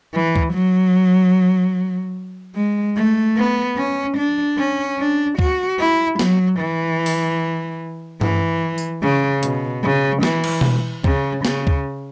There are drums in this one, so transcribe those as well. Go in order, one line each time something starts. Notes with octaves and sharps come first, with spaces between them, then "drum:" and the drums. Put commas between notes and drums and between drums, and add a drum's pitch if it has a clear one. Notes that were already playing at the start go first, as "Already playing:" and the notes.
E3
drum: kick D2
F#3
G#3
A3
B3
C#4
D4
C#4
D4
F#4, drum: kick D2
E4
F#3, drum: snare
E3
drum: open hi-hat
E3, drum: tom G2
drum: tambourine
C#3
B2, drum: hi-hat
C#3
E3, drum: snare
drum: cymbal
drum: tom B2
C#3, drum: kick D2
C#3, drum: snare
drum: kick D2